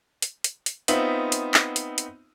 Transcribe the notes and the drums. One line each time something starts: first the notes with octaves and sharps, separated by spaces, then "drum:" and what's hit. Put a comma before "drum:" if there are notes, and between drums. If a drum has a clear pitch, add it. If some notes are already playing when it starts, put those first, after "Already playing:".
drum: hi-hat
drum: hi-hat
drum: hi-hat
B3 C4 D#4 F4 E5 F#7, drum: hi-hat
drum: hi-hat
drum: clap
drum: hi-hat
drum: hi-hat